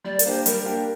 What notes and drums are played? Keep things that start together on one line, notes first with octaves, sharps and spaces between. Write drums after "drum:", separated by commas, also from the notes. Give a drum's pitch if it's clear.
G3 D5
A#4, drum: hi-hat
A#3 D4 G4 C5
G3 A#4, drum: hi-hat
A#3 D4 G4